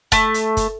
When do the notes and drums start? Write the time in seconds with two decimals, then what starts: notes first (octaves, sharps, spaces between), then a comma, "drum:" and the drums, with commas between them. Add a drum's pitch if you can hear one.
0.12 A3, drum: kick, hi-hat
0.34 drum: hi-hat
0.57 drum: kick, hi-hat